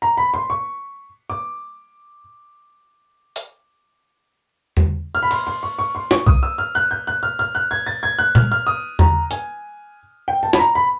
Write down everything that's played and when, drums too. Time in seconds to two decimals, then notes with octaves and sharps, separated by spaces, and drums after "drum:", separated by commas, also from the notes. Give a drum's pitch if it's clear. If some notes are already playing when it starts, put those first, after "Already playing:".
0.02 A#5
0.17 B5
0.34 C6
0.50 C#6
1.30 D6
3.36 drum: hi-hat
4.77 drum: tom
5.15 F6
5.23 B5
5.31 C6, drum: cymbal
5.47 C6
5.63 C#6
5.79 C#6
5.95 C6
6.11 C#6, drum: snare
6.27 D#6, drum: kick B1
6.43 E6
6.58 F6
6.75 F#6
6.91 G6
7.07 F#6
7.23 F6
7.39 F6
7.55 F#6
7.71 G#6
7.87 A6
8.03 G#6
8.19 F#6
8.35 F6, drum: tom A#2
8.52 F6
8.67 D#6
8.99 A#5, drum: tom
9.31 G#5, drum: hi-hat
10.28 G5
10.43 A5
10.53 B5, drum: snare
10.59 A#5
10.75 B5